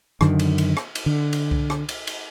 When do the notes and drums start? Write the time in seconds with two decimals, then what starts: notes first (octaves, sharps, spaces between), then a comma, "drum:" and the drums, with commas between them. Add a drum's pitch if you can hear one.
0.21 F#2 D3 D#3, drum: rim click
0.39 drum: cymbal
0.58 drum: cymbal
0.77 drum: rim click
0.95 drum: cymbal
1.06 D3
1.33 drum: cymbal
1.51 drum: kick C2
1.70 drum: rim click
1.89 drum: cymbal
2.07 drum: cymbal